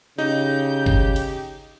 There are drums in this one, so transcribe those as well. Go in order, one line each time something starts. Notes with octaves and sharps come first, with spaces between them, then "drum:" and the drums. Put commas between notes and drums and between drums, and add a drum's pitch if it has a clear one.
C#3 D#4 G4 G6
drum: kick G1
drum: cymbal